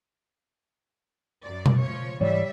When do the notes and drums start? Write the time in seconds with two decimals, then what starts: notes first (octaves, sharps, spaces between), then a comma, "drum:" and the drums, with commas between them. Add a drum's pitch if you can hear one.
1.43 F#2 D5
1.66 drum: tom B2
1.82 F3 C#5
2.21 G#2 E3 G3 G#3 C#5 D5 E5